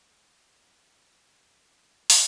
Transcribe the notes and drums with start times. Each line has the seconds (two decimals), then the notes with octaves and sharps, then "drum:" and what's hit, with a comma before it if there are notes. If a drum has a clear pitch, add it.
0.04 A1
0.29 F#2
0.46 E3
0.66 F3
0.92 G#2
1.08 G#2
1.21 A#2
1.61 A#1
1.80 D1
1.95 A1
2.10 F2, drum: open hi-hat